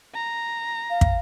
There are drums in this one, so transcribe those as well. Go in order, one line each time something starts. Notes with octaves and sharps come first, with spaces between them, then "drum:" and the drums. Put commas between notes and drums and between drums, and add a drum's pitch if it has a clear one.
A#5
F5
drum: kick